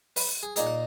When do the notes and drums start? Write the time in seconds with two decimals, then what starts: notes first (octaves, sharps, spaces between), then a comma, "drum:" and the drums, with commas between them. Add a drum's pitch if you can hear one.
0.16 B4, drum: open hi-hat
0.43 G#4
0.56 A#2 A#3 D#4 G#4, drum: hi-hat
0.66 F#5